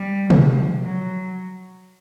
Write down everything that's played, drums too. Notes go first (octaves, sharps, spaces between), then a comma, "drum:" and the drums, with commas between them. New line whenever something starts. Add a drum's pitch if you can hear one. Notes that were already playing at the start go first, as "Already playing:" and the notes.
Already playing: G3
F3, drum: tom
F#3